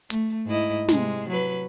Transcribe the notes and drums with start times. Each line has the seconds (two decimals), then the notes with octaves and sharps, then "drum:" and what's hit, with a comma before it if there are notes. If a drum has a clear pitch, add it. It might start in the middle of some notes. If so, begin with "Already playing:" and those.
0.10 A3, drum: hi-hat
0.46 G#2 E4 D#5
0.88 C3 G#3, drum: snare
1.29 F#3 B4